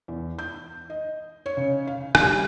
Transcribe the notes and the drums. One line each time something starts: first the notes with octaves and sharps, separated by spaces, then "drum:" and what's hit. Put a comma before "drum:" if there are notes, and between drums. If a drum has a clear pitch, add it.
E2
G6
D#5
C#5
C#3
F5
G3, drum: rim click